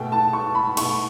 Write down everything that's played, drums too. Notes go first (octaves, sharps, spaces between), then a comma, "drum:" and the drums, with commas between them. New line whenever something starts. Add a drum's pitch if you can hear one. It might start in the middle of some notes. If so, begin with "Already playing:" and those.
Already playing: B2 A3 G5
A5
C#6
B5
B2 A3 C#6, drum: cymbal